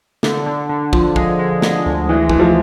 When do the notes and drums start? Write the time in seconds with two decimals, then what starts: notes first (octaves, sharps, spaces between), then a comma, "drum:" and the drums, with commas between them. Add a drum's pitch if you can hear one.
0.23 D3, drum: snare
0.46 D3
0.69 D3
0.93 F3, drum: kick
1.16 G#3, drum: kick
1.39 G#3
1.62 G#3, drum: snare
1.86 D2
2.09 E3 G#3
2.29 E3 G#3, drum: kick
2.39 F3